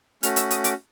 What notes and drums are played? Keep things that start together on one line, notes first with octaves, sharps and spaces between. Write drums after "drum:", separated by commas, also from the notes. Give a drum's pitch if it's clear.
A3 C#4 F#4 F6, drum: hi-hat
E6, drum: hi-hat
D#6, drum: hi-hat
D6, drum: hi-hat